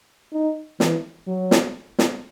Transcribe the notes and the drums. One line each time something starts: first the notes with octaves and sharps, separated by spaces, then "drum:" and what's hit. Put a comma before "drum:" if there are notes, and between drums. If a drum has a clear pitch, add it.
D#4
E3, drum: snare
F#3
drum: snare
drum: snare